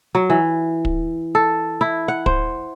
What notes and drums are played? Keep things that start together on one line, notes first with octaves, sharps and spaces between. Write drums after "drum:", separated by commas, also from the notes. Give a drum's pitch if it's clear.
F#3
E3
drum: kick
A4
E4
F#5
C5, drum: kick